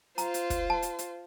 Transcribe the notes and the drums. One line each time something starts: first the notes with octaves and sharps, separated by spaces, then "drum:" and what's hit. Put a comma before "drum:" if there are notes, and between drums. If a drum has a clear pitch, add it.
F4 C5 A#5, drum: hi-hat
drum: hi-hat
drum: kick, hi-hat
A5
drum: hi-hat
drum: hi-hat